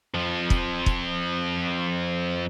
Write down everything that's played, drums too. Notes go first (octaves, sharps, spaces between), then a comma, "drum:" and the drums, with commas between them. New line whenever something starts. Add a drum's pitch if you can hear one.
F2 F3
drum: kick
drum: kick